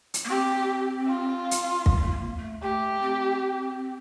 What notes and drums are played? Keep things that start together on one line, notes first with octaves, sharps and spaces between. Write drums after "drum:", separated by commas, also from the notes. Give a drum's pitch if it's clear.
drum: hi-hat
A#3
C4 G4
F4
drum: hi-hat
A3, drum: kick
G3
A3
A#3
A3
A3 G4
C4